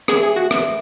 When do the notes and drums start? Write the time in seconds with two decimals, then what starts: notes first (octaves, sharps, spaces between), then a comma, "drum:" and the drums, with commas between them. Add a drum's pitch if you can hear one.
0.08 A3 G#4, drum: rim click
0.23 G#4
0.30 E3
0.36 F#4
0.51 E3, drum: rim click